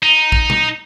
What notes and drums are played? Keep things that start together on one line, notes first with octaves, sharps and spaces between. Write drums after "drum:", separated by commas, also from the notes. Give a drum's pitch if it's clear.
D#4
drum: kick A#1
drum: tom A#2